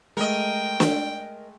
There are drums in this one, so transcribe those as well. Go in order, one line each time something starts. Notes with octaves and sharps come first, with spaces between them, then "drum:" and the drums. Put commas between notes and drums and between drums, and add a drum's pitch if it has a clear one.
G#3 A3 A#4 D#5 G5
drum: snare